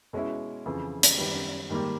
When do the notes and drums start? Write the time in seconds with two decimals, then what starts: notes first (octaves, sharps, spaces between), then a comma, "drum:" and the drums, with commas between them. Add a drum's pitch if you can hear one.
0.13 B2 G#3 C#4 E4
0.66 F2 C#3 E3
1.03 drum: hi-hat
1.18 F#2 D#3 G3 B3
1.70 G#2 D#3 G3 A#3